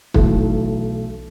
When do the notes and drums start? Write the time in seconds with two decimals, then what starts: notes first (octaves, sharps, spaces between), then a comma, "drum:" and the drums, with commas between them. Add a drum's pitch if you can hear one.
0.14 B1 E3 A3, drum: kick